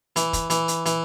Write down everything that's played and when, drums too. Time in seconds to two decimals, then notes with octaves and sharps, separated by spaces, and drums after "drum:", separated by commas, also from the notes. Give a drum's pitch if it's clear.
0.16 E3, drum: hi-hat
0.33 drum: kick, hi-hat
0.50 E3, drum: hi-hat
0.68 drum: hi-hat
0.86 E3, drum: hi-hat